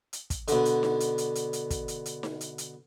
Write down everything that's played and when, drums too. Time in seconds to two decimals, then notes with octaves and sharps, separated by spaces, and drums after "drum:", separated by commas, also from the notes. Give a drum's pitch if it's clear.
0.13 drum: hi-hat
0.30 drum: kick, hi-hat
0.48 B2 D3, drum: hi-hat
0.65 drum: hi-hat
0.83 drum: snare D#4
1.00 drum: hi-hat
1.18 drum: hi-hat
1.35 drum: hi-hat
1.53 drum: hi-hat
1.70 drum: kick, hi-hat
1.88 drum: hi-hat
2.06 drum: hi-hat
2.23 drum: snare D#4
2.41 drum: hi-hat
2.58 drum: hi-hat